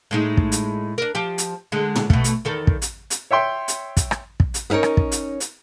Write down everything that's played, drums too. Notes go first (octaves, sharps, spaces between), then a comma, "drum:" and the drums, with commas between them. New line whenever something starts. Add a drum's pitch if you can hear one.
A2 G#3 D#4
drum: kick
drum: hi-hat
D4 A#4
F3 G4
drum: hi-hat
D3 G#3
drum: tom
B2 A3, drum: kick
drum: hi-hat
E2 D#3 A4
drum: kick
drum: hi-hat
drum: hi-hat
C#5 E5 G5 C6
drum: hi-hat
drum: kick, hi-hat
drum: rim click
drum: kick
drum: hi-hat
B3 C#4 D#4 A#4 C#5
drum: rim click
drum: kick
drum: hi-hat
drum: hi-hat